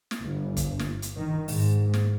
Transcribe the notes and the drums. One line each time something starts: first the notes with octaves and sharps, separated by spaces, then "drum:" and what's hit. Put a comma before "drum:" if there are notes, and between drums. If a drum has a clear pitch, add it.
drum: snare
G1
drum: kick, hi-hat
drum: snare
drum: hi-hat
D#3
G#2, drum: open hi-hat
drum: snare